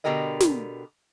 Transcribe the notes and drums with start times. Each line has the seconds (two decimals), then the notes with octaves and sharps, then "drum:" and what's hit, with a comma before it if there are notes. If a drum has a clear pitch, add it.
0.04 B2 D3 E4 G4 A#4 D#5
0.40 drum: snare